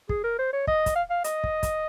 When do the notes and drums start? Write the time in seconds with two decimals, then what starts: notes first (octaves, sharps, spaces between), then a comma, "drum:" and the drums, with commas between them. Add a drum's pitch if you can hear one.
0.09 G#4, drum: kick
0.24 A#4
0.39 C5
0.53 C#5
0.67 D#5, drum: kick
0.86 drum: kick, hi-hat
0.95 F5
1.10 F5
1.24 D#5, drum: hi-hat
1.44 drum: kick
1.63 drum: kick, hi-hat